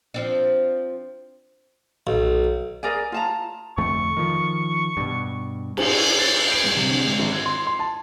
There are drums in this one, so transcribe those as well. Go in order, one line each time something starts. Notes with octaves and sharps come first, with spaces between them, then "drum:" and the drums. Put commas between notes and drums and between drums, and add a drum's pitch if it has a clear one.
F3 C4 D4
B1
G#4 A#4 D5 G#5
F4 A5 A#5
F2 D3 A3 C#6
D#3 F3
G2 B2
drum: cymbal
A6
B4
D7
G2
C3
D3
G#2
G#1
G#6
C6
C6
A5